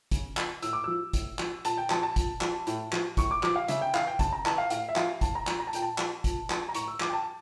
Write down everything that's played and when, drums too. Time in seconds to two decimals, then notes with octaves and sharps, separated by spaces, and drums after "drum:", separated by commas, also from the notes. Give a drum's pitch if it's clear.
0.11 C#3, drum: kick, hi-hat
0.37 F3, drum: clap
0.63 A2 E6, drum: hi-hat
0.73 D6
0.84 F3 E6
1.13 A2, drum: kick, hi-hat
1.39 F3, drum: clap
1.65 A#2 A5, drum: hi-hat
1.78 G5
1.90 F3 A5, drum: clap
2.03 A5
2.16 A#2, drum: kick, hi-hat
2.41 F3, drum: clap
2.67 A2, drum: hi-hat
2.93 F3, drum: clap
3.17 A2 C#6, drum: kick, hi-hat
3.31 D6
3.43 F3 D6, drum: clap
3.56 F5
3.68 C#3 E5, drum: hi-hat
3.81 G5
3.94 E3 F5, drum: clap
4.07 G5
4.19 C#3 A5, drum: kick, hi-hat
4.33 A#5
4.46 E3 A5, drum: clap
4.58 F5
4.70 A2 F5, drum: hi-hat
4.89 E5
4.96 F3 F5, drum: clap
5.21 A2 A5, drum: kick, hi-hat
5.35 A#5
5.47 F3 A#5, drum: clap
5.60 A#5
5.67 A5
5.73 A#2 G5, drum: hi-hat
5.82 A5
5.98 F3, drum: clap
6.24 A#2, drum: kick, hi-hat
6.50 F3, drum: clap
6.69 A#5
6.75 A2 C#6, drum: hi-hat
6.88 E6
7.00 F3 D6, drum: clap
7.09 G5
7.13 A5